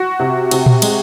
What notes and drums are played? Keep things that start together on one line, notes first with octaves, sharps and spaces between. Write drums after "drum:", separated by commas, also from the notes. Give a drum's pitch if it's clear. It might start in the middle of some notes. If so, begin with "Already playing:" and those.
Already playing: F#4
C3
C3, drum: cymbal
drum: tom A#2
G#3, drum: cymbal